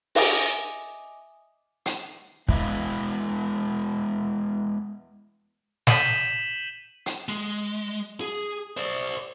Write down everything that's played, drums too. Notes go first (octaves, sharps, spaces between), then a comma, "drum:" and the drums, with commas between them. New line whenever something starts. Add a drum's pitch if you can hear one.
D#5 E5 G#5 D6 D#6, drum: open hi-hat
drum: hi-hat
G#3 B3 E4 D#5 F5, drum: kick
G6 B6 D#7 E7 F#7 G7, drum: snare
drum: hi-hat
G#3
G#4
C5 D5